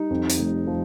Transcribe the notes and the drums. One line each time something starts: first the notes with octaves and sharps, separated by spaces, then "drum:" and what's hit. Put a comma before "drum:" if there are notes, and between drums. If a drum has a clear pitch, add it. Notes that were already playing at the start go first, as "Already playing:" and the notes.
Already playing: G3 D#4
F2
drum: hi-hat
F1
F3